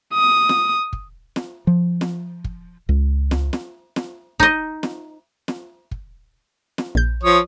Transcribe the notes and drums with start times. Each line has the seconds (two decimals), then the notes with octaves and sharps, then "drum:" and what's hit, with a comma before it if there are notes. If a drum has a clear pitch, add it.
0.14 D#6
0.49 drum: snare
0.93 drum: kick
1.36 drum: snare
1.67 F3
2.01 drum: snare
2.44 drum: kick
2.89 C#2
3.31 drum: snare
3.53 drum: snare
3.96 drum: snare
4.40 D#4 D#5, drum: kick
4.83 drum: snare
5.48 drum: snare
5.91 drum: kick
6.78 drum: snare
6.95 A#1 G6
7.23 F3 C#5 D#6